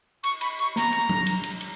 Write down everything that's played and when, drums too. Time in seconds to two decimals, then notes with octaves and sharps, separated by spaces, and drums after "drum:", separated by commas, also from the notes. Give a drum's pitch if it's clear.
0.24 C#6, drum: cymbal
0.41 B5, drum: cymbal
0.59 C#6, drum: cymbal
0.76 A#5, drum: snare
0.92 drum: cymbal
1.09 drum: tom F#3
1.27 drum: cymbal
1.44 drum: cymbal
1.61 drum: cymbal